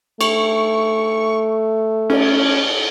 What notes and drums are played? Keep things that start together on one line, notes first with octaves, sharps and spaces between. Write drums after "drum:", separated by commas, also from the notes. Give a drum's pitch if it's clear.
A3 C#6, drum: cymbal
C#4, drum: cymbal